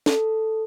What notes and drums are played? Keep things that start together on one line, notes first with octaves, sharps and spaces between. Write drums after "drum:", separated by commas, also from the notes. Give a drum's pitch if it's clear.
A4, drum: snare